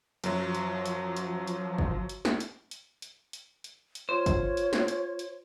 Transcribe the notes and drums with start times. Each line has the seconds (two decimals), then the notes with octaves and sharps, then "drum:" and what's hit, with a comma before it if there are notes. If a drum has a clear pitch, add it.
0.24 F#2 F3 F#3, drum: hi-hat
0.55 drum: hi-hat
0.86 drum: hi-hat
1.17 drum: hi-hat
1.47 drum: hi-hat
1.78 drum: kick
2.09 drum: hi-hat
2.25 drum: snare
2.40 drum: hi-hat
2.71 drum: hi-hat
3.02 drum: hi-hat
3.33 drum: hi-hat
3.64 drum: hi-hat
3.95 drum: hi-hat
4.09 F4 C5 C#5
4.26 drum: kick, hi-hat
4.57 drum: hi-hat
4.73 drum: snare
4.88 drum: hi-hat
5.19 drum: hi-hat